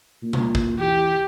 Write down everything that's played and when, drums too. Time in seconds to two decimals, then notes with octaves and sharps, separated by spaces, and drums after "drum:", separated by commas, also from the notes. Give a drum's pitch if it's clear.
0.22 A#2
0.33 drum: tom B2
0.55 drum: kick
0.79 E3 G4